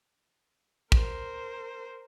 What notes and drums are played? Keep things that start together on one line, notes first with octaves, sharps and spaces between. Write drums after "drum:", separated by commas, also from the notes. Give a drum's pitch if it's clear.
A#4 C5, drum: kick